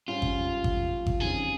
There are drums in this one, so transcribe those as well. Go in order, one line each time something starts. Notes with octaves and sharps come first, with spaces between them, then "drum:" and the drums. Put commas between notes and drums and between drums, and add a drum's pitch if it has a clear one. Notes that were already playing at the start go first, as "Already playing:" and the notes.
G#2 G3 C#4 F4
drum: kick G#1
drum: kick G#1
drum: kick G#1
F2 D#3 G3 C#4 G#4